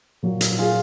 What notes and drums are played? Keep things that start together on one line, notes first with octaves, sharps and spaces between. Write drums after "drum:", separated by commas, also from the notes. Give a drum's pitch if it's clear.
A#2 F#3 A#3
drum: hi-hat
F4 G#4